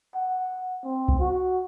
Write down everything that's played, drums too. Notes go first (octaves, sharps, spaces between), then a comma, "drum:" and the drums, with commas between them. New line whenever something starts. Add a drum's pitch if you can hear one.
F#5
C4
drum: kick C2
F#4